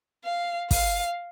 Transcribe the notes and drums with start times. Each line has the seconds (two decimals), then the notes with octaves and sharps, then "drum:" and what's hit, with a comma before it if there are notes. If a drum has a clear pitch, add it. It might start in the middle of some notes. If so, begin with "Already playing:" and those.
0.24 F5
0.71 F5, drum: kick, open hi-hat